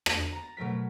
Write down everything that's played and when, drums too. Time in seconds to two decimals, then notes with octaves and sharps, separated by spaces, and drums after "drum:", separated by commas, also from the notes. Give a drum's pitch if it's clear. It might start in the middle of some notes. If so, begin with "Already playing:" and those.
0.06 B3, drum: rim click
0.32 A#5 A6
0.57 B2 F#3 A3 A#4 B6